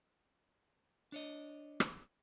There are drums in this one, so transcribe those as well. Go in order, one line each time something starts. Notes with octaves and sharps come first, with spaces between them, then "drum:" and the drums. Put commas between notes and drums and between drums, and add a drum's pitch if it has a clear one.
D4 C#5 D#5
drum: rim click